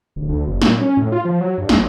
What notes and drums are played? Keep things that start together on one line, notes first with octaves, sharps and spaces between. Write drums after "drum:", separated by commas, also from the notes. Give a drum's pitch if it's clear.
D1
D2
F#1
A#2, drum: snare
C#4
A2
F4
F3
F#3
G2
A1, drum: snare